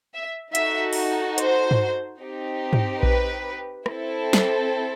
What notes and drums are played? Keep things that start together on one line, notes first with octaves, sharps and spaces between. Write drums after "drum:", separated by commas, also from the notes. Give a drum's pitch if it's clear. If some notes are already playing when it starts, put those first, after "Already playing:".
E5
D#4 F#4 A4 E5, drum: hi-hat
drum: open hi-hat
C5, drum: hi-hat
drum: tom
C4 D#4 G4
drum: tom
B4, drum: kick A#1
C4 E4 A4, drum: rim click
drum: snare